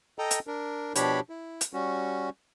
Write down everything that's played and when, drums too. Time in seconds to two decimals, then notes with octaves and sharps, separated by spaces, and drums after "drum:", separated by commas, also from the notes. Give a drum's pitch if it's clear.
0.19 A4 D#5 G5 A#5
0.31 drum: hi-hat
0.47 D4 A#4
0.95 B2 F3 D4 G4 C#5 B5, drum: hi-hat
1.30 E4
1.61 drum: hi-hat
1.74 G3 C#4 F#4